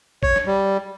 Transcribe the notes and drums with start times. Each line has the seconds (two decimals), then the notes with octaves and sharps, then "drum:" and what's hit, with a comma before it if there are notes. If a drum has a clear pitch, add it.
0.23 C#5, drum: kick A1
0.36 drum: snare
0.46 G3